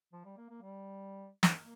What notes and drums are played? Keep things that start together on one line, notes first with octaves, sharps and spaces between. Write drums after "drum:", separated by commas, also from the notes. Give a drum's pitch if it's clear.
F3
G3
A#3
A#3
G3
drum: snare
A#3